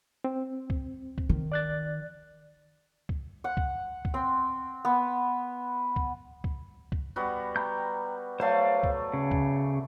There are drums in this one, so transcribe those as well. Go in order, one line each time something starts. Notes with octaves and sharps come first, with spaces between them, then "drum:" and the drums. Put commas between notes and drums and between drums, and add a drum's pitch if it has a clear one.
C4
drum: kick C2
drum: kick C2
D#3
D5 F#6 A6
drum: kick C2
F#5
drum: kick C2
drum: kick C2
C4
B3
drum: kick C2
drum: kick C2
drum: kick C2
G3 B3 F#4
G5 A#5 G6
F#3 A3 C5 D5 F5
drum: kick C2
C#3
drum: kick C2